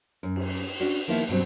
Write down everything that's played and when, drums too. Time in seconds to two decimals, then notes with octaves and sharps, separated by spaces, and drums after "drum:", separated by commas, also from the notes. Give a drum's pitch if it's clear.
0.23 F#2
0.36 drum: cymbal
0.80 C#4 D4 F#4
1.08 D#3 F3 A#3 B3 E4
1.28 G2 B2 F#3 C4